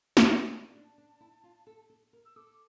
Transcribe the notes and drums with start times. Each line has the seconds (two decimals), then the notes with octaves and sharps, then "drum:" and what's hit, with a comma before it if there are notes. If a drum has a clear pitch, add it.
0.17 drum: snare
0.50 D4 A5
0.75 D4
0.98 D4
1.21 E4
1.44 F4
1.67 A4
1.90 A4
2.13 A#4
2.25 E6
2.36 A4 D6